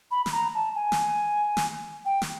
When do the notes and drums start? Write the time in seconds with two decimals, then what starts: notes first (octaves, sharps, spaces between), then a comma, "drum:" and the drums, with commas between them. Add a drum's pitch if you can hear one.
0.11 B5
0.26 B5, drum: snare
0.32 A#5
0.54 A5
0.75 G#5
0.92 drum: snare
1.57 drum: snare
2.05 G5
2.22 drum: snare